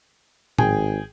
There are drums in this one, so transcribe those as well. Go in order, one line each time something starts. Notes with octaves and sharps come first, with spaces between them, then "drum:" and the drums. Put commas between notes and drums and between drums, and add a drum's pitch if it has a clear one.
G#1 G#4 G5, drum: tom A2